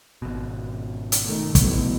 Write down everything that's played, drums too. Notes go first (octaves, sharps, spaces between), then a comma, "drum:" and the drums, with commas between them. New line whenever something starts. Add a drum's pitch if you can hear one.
G#1 B2
drum: hi-hat
G#2 D#3 A3
A1 B2, drum: kick, hi-hat